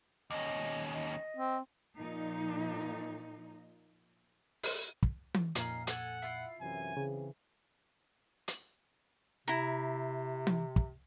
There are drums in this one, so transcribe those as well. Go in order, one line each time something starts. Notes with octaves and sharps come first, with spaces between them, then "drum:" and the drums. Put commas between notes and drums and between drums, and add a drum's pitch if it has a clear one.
D#2 C#4 D#5
D#5
C4
A#2 F3 D#4
drum: open hi-hat
drum: kick
drum: tom E3
F2 A#2 C#4 D#4 F5, drum: hi-hat
A4 F#5 G#5, drum: hi-hat
E4 F4
F#2 C3 E3 G#5
C#3 E3 C4 G#4
drum: hi-hat
C3 E4 A#5
drum: tom E3
drum: kick